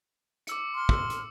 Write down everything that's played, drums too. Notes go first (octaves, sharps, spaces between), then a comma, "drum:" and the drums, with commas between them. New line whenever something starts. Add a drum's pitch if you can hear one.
D6 E6 C#7, drum: hi-hat
C6 F6
E6, drum: kick
drum: hi-hat